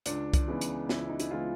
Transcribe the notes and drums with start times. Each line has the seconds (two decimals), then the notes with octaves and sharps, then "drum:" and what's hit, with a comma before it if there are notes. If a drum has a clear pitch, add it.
0.06 C#2 D4, drum: hi-hat
0.34 drum: kick C2, hi-hat
0.48 C#3 E3 G#3 B3
0.61 drum: hi-hat
0.89 C#2 E4, drum: snare
1.09 D#4
1.20 E4, drum: hi-hat
1.31 C#3 E3 G#3 B3 F4